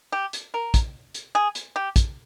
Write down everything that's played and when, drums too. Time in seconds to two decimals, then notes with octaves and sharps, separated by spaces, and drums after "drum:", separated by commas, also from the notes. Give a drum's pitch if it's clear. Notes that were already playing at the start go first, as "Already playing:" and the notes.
0.12 G4
0.33 drum: hi-hat
0.54 A#4
0.74 drum: kick, hi-hat
1.14 drum: hi-hat
1.35 G#4
1.55 drum: hi-hat
1.76 G4
1.96 drum: kick, hi-hat